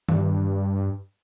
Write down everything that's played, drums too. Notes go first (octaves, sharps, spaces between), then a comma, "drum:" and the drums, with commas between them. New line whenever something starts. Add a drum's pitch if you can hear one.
G2, drum: tom D#3